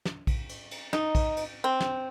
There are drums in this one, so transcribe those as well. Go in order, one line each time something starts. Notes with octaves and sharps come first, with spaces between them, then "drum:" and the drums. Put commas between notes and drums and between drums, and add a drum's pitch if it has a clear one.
drum: snare
drum: kick A#1, cymbal
drum: cymbal
drum: cymbal
D#4, drum: snare
drum: kick A#1, cymbal
drum: cymbal
C4
drum: snare